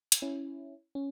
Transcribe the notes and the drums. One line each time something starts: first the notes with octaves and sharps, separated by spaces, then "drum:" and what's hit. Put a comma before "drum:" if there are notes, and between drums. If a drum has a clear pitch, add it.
drum: hi-hat
C#4 E4
C#4